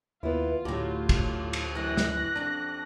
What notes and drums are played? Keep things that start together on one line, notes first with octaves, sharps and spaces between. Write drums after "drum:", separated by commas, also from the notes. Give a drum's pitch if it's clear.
D#2 B3 E4 F4
D2 A2 F#3 G4
drum: kick, cymbal
drum: cymbal
F#2 E3 F#6 A#6
drum: snare
F2 D4